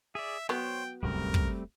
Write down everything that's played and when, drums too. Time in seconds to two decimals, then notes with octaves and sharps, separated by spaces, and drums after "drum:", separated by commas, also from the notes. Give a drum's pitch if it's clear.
0.15 G#4 D5 E5
0.49 F#3 B3 C5 C#5 G5
1.03 D1 C2 F#2 G3 A3 C4 A#4
1.34 drum: kick